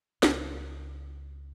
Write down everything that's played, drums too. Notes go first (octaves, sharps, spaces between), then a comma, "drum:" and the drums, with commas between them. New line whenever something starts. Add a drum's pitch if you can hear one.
C#2, drum: snare